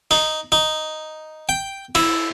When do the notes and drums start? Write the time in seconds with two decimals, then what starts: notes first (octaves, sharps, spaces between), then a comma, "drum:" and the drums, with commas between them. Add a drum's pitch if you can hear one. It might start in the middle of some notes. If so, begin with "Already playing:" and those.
0.11 D#4, drum: open hi-hat
0.52 D#4
1.49 G5
1.95 E4, drum: cymbal